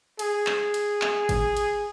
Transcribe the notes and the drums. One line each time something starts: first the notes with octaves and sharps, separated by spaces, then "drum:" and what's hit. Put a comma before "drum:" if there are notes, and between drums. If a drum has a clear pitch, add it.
G#4, drum: cymbal
drum: clap
drum: cymbal
drum: clap
drum: kick G1, cymbal
drum: cymbal